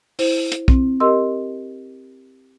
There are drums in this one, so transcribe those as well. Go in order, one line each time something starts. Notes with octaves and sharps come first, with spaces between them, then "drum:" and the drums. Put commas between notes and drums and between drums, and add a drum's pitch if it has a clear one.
E4 C5, drum: open hi-hat
drum: hi-hat
C4, drum: kick
G4 A#4 D#5 C6 E6